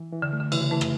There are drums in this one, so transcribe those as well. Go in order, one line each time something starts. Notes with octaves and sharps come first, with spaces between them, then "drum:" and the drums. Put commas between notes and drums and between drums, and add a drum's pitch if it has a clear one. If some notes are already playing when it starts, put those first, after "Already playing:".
Already playing: E3
E3
D3
A3
D3
C#3 E3, drum: cymbal
E3 A3
drum: rim click